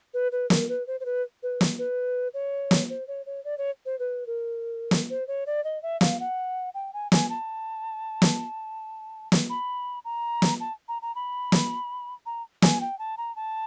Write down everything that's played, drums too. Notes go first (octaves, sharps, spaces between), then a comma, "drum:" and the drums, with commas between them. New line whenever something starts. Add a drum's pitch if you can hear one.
B4
B4
A#4, drum: snare
B4
C5
C5
B4
B4
drum: snare
B4
C#5
drum: snare
C5
C#5
C#5
D5
C#5
C5
B4
A#4
drum: snare
C5
C#5
D5
D#5
E5
F5, drum: snare
F#5
G5
G#5
G#5, drum: snare
A5
drum: snare
drum: snare
B5
A#5
drum: snare
A5
A#5
A#5
B5
drum: snare
A#5
G#5, drum: snare
G5
A5
A#5
A5